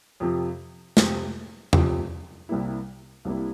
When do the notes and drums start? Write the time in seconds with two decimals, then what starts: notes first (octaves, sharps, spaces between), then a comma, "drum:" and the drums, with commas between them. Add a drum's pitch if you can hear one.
0.20 F2 C3 F3
0.97 F2 C3 F3, drum: snare
1.73 F2 C3 F3, drum: tom E2
2.49 C2 C3 G3 A#3 E4
3.25 C2 C3 G3 A#3 E4